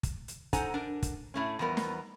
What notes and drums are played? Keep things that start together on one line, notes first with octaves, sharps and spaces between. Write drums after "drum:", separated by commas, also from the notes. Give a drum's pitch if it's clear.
drum: kick, hi-hat
drum: hi-hat
D#4 A4 C5 F#5 G#5 A#5, drum: kick, hi-hat
D4 A#4
drum: kick, hi-hat
A2 A3 C#4
E2 F3 G3 B3 A#4
drum: snare